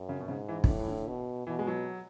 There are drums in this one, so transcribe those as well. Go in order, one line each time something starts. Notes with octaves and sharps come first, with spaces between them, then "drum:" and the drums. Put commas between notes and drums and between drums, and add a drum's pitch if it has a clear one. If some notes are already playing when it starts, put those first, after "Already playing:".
Already playing: F#2
C#3
B2
G#2 C#3
E3
D3, drum: kick
A2 E3
E3
D3
B2
B2 E3
G#3
F#3